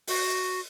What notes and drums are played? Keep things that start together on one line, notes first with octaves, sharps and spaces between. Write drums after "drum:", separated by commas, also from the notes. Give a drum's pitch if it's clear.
F#4, drum: open hi-hat